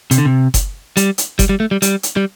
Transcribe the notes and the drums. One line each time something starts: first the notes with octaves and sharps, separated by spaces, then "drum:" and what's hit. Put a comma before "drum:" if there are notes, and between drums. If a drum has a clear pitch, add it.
C3, drum: hi-hat
D3
C3
drum: kick F#1, hi-hat
G3, drum: hi-hat
drum: hi-hat
G3, drum: kick F#1, hi-hat
G3
A3
G3
G3, drum: hi-hat
drum: hi-hat
G3